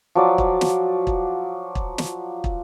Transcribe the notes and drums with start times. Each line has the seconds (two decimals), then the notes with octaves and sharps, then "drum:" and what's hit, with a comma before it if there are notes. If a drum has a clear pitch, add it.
0.15 F3 F#3 D5
0.38 drum: kick
0.61 drum: snare
1.07 drum: kick
1.75 drum: kick
1.98 drum: snare
2.44 drum: kick